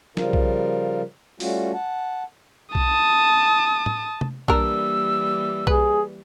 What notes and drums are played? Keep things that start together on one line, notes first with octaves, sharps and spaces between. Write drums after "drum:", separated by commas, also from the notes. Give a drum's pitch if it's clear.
C#3 F3 G3 F4 A#4, drum: snare
drum: kick B1
G3 A3 C#4 F4 F#4, drum: open hi-hat
F#5 A5
A5 D#6, drum: kick B1
drum: tom
drum: tom C3
E3 G3 A#3 D4 A#4 E6, drum: kick B1
G#4 B4, drum: kick B1